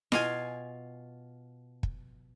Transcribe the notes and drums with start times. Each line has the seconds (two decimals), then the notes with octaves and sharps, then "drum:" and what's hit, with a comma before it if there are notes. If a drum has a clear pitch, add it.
0.12 B2 F4 G#5, drum: snare E4
1.83 drum: kick